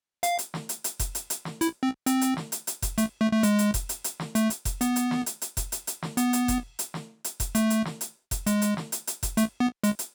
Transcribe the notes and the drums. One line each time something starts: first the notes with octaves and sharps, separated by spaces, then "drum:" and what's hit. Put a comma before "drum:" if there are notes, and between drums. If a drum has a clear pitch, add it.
F5, drum: hi-hat
drum: hi-hat
drum: snare
drum: hi-hat
drum: hi-hat
drum: kick F1, hi-hat
drum: hi-hat
drum: hi-hat
drum: snare
E4, drum: hi-hat
C4
C4, drum: hi-hat
drum: hi-hat
drum: snare
drum: hi-hat
drum: hi-hat
drum: kick F1, hi-hat
A3, drum: hi-hat
A3
A3
G#3, drum: hi-hat
drum: hi-hat
drum: kick F1, hi-hat
drum: hi-hat
drum: hi-hat
drum: snare
A3, drum: hi-hat
drum: hi-hat
drum: kick F1, hi-hat
B3, drum: hi-hat
drum: hi-hat
drum: snare
drum: hi-hat
drum: hi-hat
drum: kick F1, hi-hat
drum: hi-hat
drum: hi-hat
drum: snare
B3, drum: hi-hat
drum: hi-hat
drum: kick F1, hi-hat
drum: hi-hat
drum: snare
drum: hi-hat
drum: kick F1, hi-hat
A3, drum: hi-hat
drum: hi-hat
drum: snare
drum: hi-hat
drum: kick F1, hi-hat
G#3, drum: hi-hat
drum: hi-hat
drum: snare
drum: hi-hat
drum: hi-hat
drum: kick F1, hi-hat
A3, drum: hi-hat
B3
G#3, drum: hi-hat
drum: hi-hat